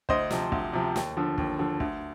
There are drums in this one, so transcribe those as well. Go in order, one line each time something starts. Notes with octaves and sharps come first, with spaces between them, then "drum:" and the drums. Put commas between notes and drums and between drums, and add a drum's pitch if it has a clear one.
D2 C5 D#5, drum: kick
C3 F3, drum: snare
D2, drum: kick
C3 F3
D#2, drum: snare
D3 F3
D#2, drum: kick
D3 F3
D2, drum: kick